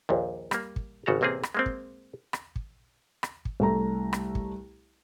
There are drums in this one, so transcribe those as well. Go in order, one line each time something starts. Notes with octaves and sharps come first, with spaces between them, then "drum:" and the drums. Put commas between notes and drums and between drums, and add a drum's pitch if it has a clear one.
A#1 D#2 A#2
G3 A#3, drum: rim click
drum: kick
G#1 C#3 F#4 A4 F5 A#5
A1 C3 A#3 C4 G#4
drum: rim click
G#3 A#3 C4
drum: kick
drum: rim click
drum: kick
drum: rim click
drum: kick
C2 A3 A#5
drum: rim click
drum: kick